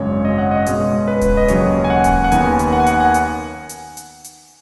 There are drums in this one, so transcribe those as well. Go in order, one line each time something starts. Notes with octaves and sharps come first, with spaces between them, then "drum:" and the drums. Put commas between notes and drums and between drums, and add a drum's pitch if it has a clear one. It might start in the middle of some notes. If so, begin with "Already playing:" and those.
Already playing: G#1 F#2 C#3 G#3 C#5
D#5
F#5
D#5
B2 G#3 C#4, drum: hi-hat
B4
drum: kick D1, hi-hat
D#5
D#2 C#3 F#3 C#4 C#5, drum: hi-hat
G#5
F#5
drum: kick D1, hi-hat
F#5
D#2 D#3 B3 D#4 G#5, drum: hi-hat
drum: hi-hat
F#5
G#5
F#5, drum: hi-hat
G#5
F#5
drum: hi-hat
drum: hi-hat
drum: hi-hat
drum: hi-hat